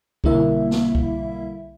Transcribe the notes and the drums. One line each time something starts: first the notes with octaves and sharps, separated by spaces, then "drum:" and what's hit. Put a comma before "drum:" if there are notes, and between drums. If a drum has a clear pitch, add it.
B1 D3 G3 A#3 E4 E5, drum: kick
drum: snare
drum: kick